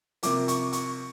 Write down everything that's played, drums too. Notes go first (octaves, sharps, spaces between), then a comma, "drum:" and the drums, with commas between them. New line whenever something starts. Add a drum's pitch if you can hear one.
C3 F3 A#3 D6, drum: hi-hat
C#6, drum: hi-hat
C#6, drum: hi-hat